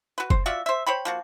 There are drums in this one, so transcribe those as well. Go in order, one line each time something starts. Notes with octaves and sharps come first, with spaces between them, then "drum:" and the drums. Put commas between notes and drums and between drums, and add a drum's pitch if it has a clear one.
F#4 B4
C5, drum: kick F#1
F4 F#4 D5 E5
C5 E5
C5 C#5 G5 B5
F3 A#3 F#4